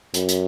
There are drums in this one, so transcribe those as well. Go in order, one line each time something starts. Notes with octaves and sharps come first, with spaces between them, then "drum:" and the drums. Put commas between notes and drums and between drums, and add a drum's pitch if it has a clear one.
F#2, drum: hi-hat
drum: hi-hat